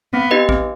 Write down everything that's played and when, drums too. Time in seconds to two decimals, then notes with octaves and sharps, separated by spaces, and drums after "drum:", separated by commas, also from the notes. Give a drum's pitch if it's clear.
0.13 B3 C4
0.31 D#4 G4 B4 D#5
0.49 C4, drum: kick